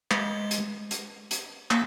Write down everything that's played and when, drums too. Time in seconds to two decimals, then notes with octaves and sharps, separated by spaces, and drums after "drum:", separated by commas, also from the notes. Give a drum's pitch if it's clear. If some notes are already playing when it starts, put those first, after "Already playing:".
0.11 G#3, drum: clap
0.51 drum: hi-hat
0.91 drum: hi-hat
1.31 drum: hi-hat
1.71 A#3, drum: clap